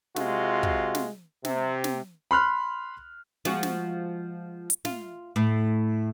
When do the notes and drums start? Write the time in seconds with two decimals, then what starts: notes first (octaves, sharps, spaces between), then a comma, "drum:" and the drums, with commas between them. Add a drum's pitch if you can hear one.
0.16 C3 G#3 F4 F#4, drum: snare
0.63 drum: kick
0.95 drum: snare
1.45 C3, drum: snare
1.84 drum: snare
2.31 B5 C6 F6 F#6
3.45 F3 G#3 F#4, drum: snare
3.63 drum: snare
4.70 drum: hi-hat
4.85 F4, drum: snare
5.36 A2